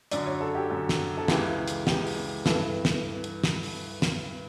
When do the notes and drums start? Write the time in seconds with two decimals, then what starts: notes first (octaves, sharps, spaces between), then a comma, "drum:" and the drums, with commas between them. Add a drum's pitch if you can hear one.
0.11 F#2 D3 D5, drum: hi-hat
0.26 C#5
0.40 A4
0.55 G4
0.70 F#2 D3
0.89 drum: snare
1.17 A4
1.28 C#2 C#3 E3 G4, drum: snare
1.68 drum: hi-hat
1.87 C#2 C#3 E3 G4, drum: snare
2.07 drum: open hi-hat
2.46 G2 E3 A4, drum: snare
2.85 drum: snare
3.24 drum: hi-hat
3.44 drum: snare
3.63 drum: open hi-hat
4.02 drum: snare